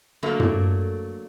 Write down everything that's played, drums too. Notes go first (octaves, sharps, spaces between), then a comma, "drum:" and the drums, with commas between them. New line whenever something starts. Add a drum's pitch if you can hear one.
D3 F#3 A3 A#3 D4
drum: tom